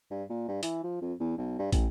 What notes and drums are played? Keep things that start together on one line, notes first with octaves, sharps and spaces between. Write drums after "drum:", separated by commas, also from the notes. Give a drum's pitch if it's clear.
G2
A#2
G2
E3, drum: hi-hat
F3
F2
E2
B1
G2
A1, drum: kick, hi-hat